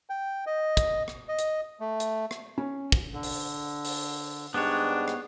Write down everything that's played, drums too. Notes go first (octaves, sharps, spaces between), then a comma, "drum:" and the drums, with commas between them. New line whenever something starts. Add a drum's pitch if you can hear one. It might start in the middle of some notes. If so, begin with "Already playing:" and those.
G5
D#5
drum: kick, hi-hat
drum: rim click
D#5
drum: hi-hat
A3
drum: hi-hat
drum: rim click
C#4
drum: kick
D3
drum: open hi-hat
drum: open hi-hat
G#2 G3 B3 D4 C#5
drum: rim click